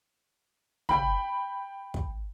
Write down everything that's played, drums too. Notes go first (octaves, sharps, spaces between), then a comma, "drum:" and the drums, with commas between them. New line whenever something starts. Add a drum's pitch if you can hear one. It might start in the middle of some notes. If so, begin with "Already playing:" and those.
G5 B5, drum: tom
drum: kick